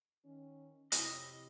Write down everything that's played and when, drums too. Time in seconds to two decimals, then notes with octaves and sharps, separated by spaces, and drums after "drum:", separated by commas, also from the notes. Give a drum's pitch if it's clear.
0.24 D#3 C#4
0.92 F2 C3 E4 C#5 D#5, drum: hi-hat